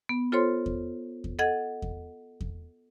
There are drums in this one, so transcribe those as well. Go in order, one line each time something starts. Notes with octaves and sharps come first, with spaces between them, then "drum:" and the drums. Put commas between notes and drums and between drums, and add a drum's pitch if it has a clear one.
B3
F4 A4 C5 C#5 C6
drum: kick E2
drum: kick E2
A4 D#5 F#5 G#6
drum: kick E2
drum: kick E2